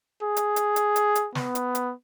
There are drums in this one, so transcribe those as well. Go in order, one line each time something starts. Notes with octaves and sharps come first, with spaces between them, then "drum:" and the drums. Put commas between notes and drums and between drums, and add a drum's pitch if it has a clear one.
G#4
drum: hi-hat
drum: hi-hat
drum: hi-hat
drum: hi-hat
drum: hi-hat
B3, drum: snare
drum: hi-hat
drum: hi-hat